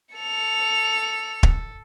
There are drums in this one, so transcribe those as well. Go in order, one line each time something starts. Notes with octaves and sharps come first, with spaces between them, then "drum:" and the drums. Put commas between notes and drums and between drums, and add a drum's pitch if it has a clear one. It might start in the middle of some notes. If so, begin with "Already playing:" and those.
A4 C#7 F7
drum: kick